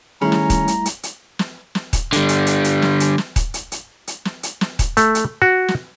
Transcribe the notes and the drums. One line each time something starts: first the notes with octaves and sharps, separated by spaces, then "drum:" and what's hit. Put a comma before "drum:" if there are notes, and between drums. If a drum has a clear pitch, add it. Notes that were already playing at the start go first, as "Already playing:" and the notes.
D#3 G3 A3 C#4 E4 G#4 A#5 B5
drum: snare
drum: kick D#1, hi-hat
drum: hi-hat
drum: hi-hat
drum: hi-hat
drum: snare
drum: snare
drum: kick D#1, hi-hat
D3 G3, drum: hi-hat
drum: hi-hat
drum: hi-hat
drum: hi-hat
drum: snare
drum: hi-hat
drum: snare
drum: kick D#1, hi-hat
drum: hi-hat
drum: hi-hat
drum: hi-hat
drum: snare
drum: hi-hat
drum: snare
drum: kick D#1, hi-hat
A3, drum: hi-hat
drum: hi-hat
F#4
drum: snare